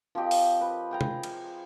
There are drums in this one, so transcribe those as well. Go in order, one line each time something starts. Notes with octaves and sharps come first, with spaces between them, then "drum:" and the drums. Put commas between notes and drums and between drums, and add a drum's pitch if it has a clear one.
F3 C4 G4 D#5
drum: open hi-hat
B4
G#4 G5 A#5
drum: tom
drum: cymbal